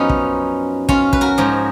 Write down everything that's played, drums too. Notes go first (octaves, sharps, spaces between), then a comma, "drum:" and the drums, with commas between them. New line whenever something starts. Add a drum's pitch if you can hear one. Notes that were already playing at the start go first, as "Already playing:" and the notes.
Already playing: F#2 F3 B3 C#4 D#4 F4
drum: kick
C#4 F4, drum: kick
B4, drum: kick
F#4 A#4
G#2 F3